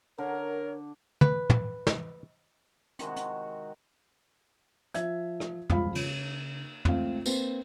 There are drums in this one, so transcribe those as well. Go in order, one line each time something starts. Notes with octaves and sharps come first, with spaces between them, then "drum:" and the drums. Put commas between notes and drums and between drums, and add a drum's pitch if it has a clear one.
D3 A#4 C#5
B4, drum: tom
drum: tom
drum: snare
C3 D#3 G#3 F#4, drum: hi-hat
drum: hi-hat
F3 E5 G#6, drum: hi-hat
drum: rim click
E1 C#2 G2 F3 F5 B5, drum: tom
C#3, drum: cymbal
C#2 A3 C4 F5, drum: tom
A#3 C4 B4 C5, drum: tambourine